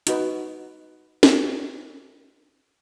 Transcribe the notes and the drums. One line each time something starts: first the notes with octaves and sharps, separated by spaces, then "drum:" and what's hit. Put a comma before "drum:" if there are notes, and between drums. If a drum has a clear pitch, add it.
D#4 F#4 B4, drum: hi-hat
drum: snare